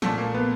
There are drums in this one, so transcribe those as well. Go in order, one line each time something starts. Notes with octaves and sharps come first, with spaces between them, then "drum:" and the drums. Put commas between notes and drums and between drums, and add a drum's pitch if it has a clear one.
A#2 F3 A3, drum: snare
A#3
B3